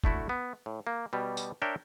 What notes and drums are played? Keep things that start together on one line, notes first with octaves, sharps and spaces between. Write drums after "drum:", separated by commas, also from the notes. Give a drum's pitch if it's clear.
D3 A3 E4 F#4, drum: kick
B3
A2
A#3
B2 G3 G4
drum: tambourine
D4 A#4 C#5 E5 G5